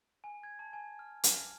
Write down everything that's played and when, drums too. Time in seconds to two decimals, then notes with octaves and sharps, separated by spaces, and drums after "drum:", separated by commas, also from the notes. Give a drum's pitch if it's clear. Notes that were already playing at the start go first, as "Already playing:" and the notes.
0.24 G#5
0.43 G#6
0.59 A5
0.73 G#5
0.99 F6
1.24 F6, drum: hi-hat